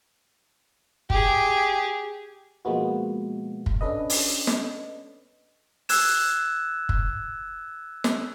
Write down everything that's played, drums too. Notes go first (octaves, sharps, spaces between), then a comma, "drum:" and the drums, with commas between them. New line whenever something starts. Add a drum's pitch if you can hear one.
G4 G#4, drum: kick
B2 F3 G#3 A#3 B3 F#4
drum: kick
C#4 D4 A4 B4 D#5
drum: open hi-hat
drum: snare
E6 F#6 G#6 E7, drum: open hi-hat
drum: kick
drum: snare